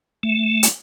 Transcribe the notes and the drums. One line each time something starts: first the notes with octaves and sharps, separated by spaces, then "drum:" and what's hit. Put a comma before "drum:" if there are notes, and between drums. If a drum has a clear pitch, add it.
A3
drum: hi-hat